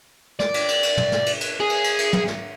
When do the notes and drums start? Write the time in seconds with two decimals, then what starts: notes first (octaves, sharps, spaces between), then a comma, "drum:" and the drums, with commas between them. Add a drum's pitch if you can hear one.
0.40 D5, drum: snare
0.54 drum: cymbal
0.68 drum: cymbal
0.83 drum: cymbal
0.97 drum: tom
1.12 drum: snare
1.26 drum: cymbal
1.41 drum: cymbal
1.60 G#4
1.70 drum: cymbal
1.84 drum: cymbal
1.99 drum: cymbal
2.13 drum: tom
2.27 drum: snare